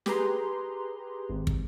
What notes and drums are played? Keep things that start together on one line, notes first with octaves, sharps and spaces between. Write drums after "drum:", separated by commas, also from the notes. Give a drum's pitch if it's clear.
G4 G#4 B4 A#5 C6, drum: snare
G#1
drum: kick